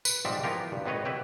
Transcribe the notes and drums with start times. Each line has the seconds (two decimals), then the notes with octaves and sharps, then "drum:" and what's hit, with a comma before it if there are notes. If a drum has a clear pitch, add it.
0.05 B4, drum: tambourine
0.25 G#2 F3 G3 C4 D5 E5
0.43 E3 F3 B3 F4 G4 A#4
0.72 G2
0.86 G#1 B3 C4 B4 C#5 D#5
1.05 E4 G4 B4 E5